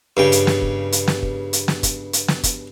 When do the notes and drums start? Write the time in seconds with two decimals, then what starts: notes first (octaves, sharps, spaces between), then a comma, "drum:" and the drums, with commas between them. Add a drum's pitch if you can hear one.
0.17 G2 C#3 G5
0.32 drum: hi-hat
0.47 drum: snare
0.62 drum: kick
0.92 drum: hi-hat
1.08 drum: snare
1.23 drum: kick
1.53 drum: hi-hat
1.68 drum: snare
1.83 drum: kick, hi-hat
2.13 drum: hi-hat
2.28 drum: snare
2.43 drum: kick, hi-hat